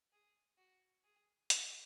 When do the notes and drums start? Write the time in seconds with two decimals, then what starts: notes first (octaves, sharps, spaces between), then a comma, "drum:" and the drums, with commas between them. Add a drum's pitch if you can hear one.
0.12 G#4
0.58 F#4
1.04 G#4
1.50 F#4, drum: hi-hat